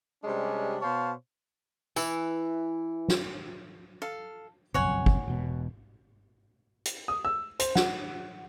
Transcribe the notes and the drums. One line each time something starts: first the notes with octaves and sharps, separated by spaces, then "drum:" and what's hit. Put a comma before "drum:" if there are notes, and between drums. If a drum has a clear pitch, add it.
C3 G3 G#3 C#4 D4
B2 C5 C#5 F5 A5
E3, drum: tambourine
drum: snare
A4 F5
F#1 B1 F2 C#5 F#5 G#5
drum: kick
E1 B2
drum: hi-hat
D#6
E6
C5, drum: hi-hat
F#5, drum: snare